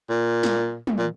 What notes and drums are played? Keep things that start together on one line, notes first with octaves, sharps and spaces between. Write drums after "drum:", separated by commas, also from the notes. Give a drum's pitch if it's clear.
A#2
drum: snare
drum: tom
A#2